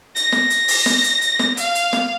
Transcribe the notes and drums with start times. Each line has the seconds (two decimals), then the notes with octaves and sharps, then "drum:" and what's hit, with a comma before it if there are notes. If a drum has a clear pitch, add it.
0.16 A#6, drum: hi-hat
0.32 drum: snare
0.50 drum: hi-hat
0.68 drum: open hi-hat
0.86 drum: snare
1.04 drum: hi-hat
1.21 drum: hi-hat
1.39 drum: snare
1.57 F5, drum: hi-hat
1.75 drum: hi-hat
1.93 drum: snare